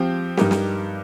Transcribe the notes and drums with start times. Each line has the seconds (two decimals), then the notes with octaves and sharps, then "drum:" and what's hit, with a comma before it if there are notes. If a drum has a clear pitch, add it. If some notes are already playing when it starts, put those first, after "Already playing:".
Already playing: F3 C4 G4
0.37 G2 G3 D#4 G4 A#4, drum: snare
0.51 drum: snare